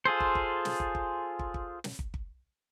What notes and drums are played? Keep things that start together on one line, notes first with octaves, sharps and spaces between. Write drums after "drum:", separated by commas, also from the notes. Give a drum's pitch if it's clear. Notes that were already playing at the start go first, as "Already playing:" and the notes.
F4 G#4 A4 C5
drum: kick
drum: kick
drum: snare
drum: kick
drum: kick
drum: kick
drum: kick
drum: snare
drum: kick
drum: kick